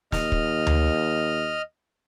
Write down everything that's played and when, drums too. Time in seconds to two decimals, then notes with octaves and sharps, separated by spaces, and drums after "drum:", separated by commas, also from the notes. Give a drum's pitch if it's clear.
0.12 D#2 D#5 F6, drum: snare
0.32 drum: kick
0.67 drum: tom D2